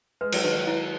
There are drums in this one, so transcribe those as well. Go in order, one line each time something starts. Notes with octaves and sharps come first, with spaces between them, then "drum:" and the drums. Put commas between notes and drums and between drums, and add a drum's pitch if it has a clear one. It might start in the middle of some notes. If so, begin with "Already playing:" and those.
G#3 B4
F#3, drum: cymbal
D#3 B4
F#3
E4